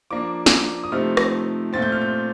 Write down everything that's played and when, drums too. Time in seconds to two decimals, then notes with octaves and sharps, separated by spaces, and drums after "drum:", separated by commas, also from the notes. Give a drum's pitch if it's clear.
0.11 F3 A#3 D4 D6
0.46 drum: snare
0.83 D#6
0.92 C3 F3 A3 C4 D#4 F6
1.17 drum: rim click
1.73 A#2 A3 C4 A6
1.82 G6
1.92 F6
2.01 G6